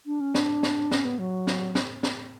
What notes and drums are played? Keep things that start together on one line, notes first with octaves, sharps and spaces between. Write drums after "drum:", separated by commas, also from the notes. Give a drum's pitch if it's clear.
D4
C#4
D4, drum: snare
drum: snare
C#4, drum: snare
B3
F#3
drum: snare
drum: snare
drum: snare